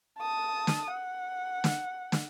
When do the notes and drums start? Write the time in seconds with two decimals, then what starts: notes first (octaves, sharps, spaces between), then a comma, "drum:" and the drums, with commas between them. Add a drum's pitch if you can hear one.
0.19 A5 D#6
0.67 drum: snare
0.92 F#5
1.64 drum: snare
2.12 drum: snare